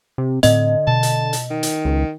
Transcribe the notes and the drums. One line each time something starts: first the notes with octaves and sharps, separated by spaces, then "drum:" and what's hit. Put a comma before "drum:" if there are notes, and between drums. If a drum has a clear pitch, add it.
C3
A2 D3 C4 D#5, drum: hi-hat
B2 A5
drum: hi-hat
drum: hi-hat
D#3
drum: hi-hat
C#2